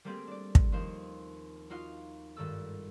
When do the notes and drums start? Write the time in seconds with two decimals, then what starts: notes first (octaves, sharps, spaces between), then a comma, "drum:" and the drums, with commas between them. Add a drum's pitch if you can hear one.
0.04 G3 A3 A#3 C4 G4 G#4
0.27 D4 D5
0.55 drum: kick
0.72 D#2 F3 C5 D#5 E7
1.70 D#4 F4 F#4 F5
2.36 G#1 G2 D#3 A4 E6